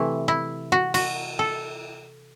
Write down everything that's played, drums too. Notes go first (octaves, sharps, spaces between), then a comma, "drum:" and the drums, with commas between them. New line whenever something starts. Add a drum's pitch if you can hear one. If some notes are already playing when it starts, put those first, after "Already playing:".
Already playing: C3 E3 A3 E4
E4
F#4
F#4, drum: cymbal
A4